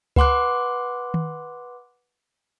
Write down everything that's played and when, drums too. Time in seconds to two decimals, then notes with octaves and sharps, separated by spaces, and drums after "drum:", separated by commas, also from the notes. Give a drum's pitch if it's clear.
0.16 B4 F#5 C6 D6 F#6, drum: kick C#2
1.14 drum: tom D#3